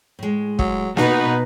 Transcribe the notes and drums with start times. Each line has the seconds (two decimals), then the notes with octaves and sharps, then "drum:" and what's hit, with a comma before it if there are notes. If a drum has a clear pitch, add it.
0.19 A2 G#3
0.59 F#3, drum: kick
0.97 B2 D#4 F#4 B4 F5, drum: snare A#3